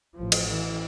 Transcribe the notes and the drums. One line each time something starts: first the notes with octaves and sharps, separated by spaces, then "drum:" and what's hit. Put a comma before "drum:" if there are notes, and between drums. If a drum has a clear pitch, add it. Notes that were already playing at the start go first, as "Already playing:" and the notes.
A1 F3
drum: cymbal
E3